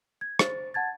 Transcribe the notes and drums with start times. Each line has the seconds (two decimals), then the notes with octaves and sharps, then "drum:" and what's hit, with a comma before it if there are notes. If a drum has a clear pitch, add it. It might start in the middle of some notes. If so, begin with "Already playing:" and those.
0.21 G#6
0.39 C5 A6, drum: rim click
0.74 F#5 A5 G#6 A6